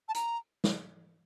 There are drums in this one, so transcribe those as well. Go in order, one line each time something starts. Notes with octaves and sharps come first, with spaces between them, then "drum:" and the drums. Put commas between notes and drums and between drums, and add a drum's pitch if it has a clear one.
A5
A#5, drum: hi-hat
drum: snare